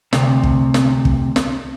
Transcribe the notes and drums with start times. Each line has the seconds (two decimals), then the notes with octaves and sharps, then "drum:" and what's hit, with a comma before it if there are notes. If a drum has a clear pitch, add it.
0.13 D2 C3, drum: snare
0.43 drum: kick
0.74 drum: snare
1.05 drum: kick
1.36 drum: snare